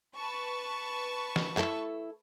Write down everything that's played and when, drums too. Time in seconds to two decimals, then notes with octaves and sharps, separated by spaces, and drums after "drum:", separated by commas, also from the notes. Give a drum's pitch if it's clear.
0.15 B4 A5 C#6
1.36 drum: snare
1.57 E4 A4, drum: clap